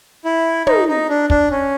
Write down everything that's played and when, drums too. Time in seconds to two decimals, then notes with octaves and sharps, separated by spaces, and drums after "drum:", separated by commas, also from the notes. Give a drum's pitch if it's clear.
0.25 E4
0.67 D#4, drum: tom
0.88 D#4
1.09 D4
1.30 D4, drum: kick
1.51 C#4